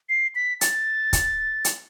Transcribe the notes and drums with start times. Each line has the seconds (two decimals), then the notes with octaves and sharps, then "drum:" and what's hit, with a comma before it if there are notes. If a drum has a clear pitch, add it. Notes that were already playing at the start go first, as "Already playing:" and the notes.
0.09 C7
0.35 B6
0.61 A6, drum: hi-hat
1.13 drum: kick, hi-hat
1.65 drum: hi-hat